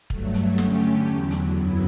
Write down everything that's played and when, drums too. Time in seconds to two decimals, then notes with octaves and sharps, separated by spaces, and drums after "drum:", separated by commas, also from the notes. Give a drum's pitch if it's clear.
0.10 G2 F#3 A3, drum: kick
0.34 drum: hi-hat
0.58 D3 A3 C#4 G4, drum: snare
1.06 E2 D3 F#3
1.31 drum: hi-hat
1.54 F#2 C#3 F#3 B3 E4